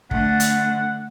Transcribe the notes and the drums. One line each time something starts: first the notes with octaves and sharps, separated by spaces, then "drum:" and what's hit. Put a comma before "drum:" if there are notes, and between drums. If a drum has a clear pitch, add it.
D3 A3 F#5, drum: kick
drum: hi-hat